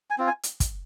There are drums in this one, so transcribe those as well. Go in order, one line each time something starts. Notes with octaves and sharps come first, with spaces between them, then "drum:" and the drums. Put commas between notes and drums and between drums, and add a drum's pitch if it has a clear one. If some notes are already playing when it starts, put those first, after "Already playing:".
G#5
C4 F4
G#5
drum: hi-hat
drum: kick, hi-hat